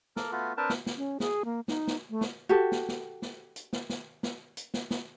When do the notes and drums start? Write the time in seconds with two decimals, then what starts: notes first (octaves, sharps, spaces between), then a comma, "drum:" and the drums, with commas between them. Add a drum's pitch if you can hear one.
0.16 A#3 A4 A#4, drum: snare
0.32 A3 B3 F4 F#4
0.57 C4 D4 A#4 B4 G5 A5
0.70 drum: snare
0.86 drum: snare
0.97 C#4
1.20 G#4, drum: snare
1.45 A#3
1.68 D#4, drum: snare
1.87 drum: snare
2.10 A3
2.21 drum: snare
2.49 F#4 G4 A4
2.72 drum: snare
2.88 drum: snare
3.22 drum: snare
3.56 drum: hi-hat
3.73 drum: snare
3.90 drum: snare
4.23 drum: snare
4.57 drum: hi-hat
4.74 drum: snare
4.91 drum: snare